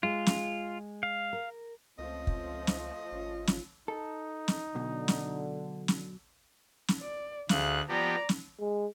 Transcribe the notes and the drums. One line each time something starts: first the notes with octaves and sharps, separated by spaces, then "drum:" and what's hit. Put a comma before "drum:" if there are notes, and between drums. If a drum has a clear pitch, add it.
G#3 F4
drum: snare
F5
A#4
C#2 F3 A3 C4 C#4 D#5
drum: kick
drum: snare
G#1 C#4 F4
drum: snare
D#4 A4
drum: snare
B1 B2 D3
drum: snare
drum: snare
drum: snare
D5
D2 G#4 F5 F#6, drum: snare
F3 B3 G4 D5 A#5
drum: snare
G#3